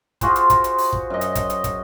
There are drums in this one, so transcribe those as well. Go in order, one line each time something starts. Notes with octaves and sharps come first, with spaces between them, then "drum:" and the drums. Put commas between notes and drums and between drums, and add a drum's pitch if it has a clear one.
F4 F#4 G#4 C5, drum: kick, hi-hat
drum: hi-hat
drum: kick, hi-hat
drum: hi-hat
drum: open hi-hat
drum: kick
F#2 D#5
drum: hi-hat
drum: kick, hi-hat
drum: hi-hat
drum: kick, hi-hat